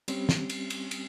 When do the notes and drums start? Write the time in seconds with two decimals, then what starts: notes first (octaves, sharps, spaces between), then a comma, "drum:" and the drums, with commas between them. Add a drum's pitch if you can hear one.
0.08 G3 C4 C#4 G4, drum: cymbal
0.29 drum: snare
0.50 drum: cymbal
0.70 drum: cymbal
0.91 drum: cymbal